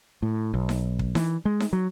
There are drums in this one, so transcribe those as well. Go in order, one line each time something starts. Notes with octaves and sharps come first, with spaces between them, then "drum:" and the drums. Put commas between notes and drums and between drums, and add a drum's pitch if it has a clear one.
A2
B1
drum: snare D#4
drum: kick
E3, drum: snare D#4
G#3
drum: snare D#4
F#3